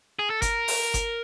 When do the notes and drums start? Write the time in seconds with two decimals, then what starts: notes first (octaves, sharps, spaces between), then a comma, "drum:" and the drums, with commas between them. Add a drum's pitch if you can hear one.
0.19 G#4
0.30 A4
0.42 A#4, drum: kick G1, hi-hat
0.68 drum: open hi-hat
0.94 drum: kick G1, hi-hat